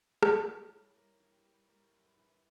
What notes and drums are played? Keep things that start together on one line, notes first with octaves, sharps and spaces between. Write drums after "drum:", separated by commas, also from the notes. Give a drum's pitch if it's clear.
G3, drum: rim click
E3
C#5
G3
G3 A#4
E3
G4
G3
G3 A#4
F#2
B4
E3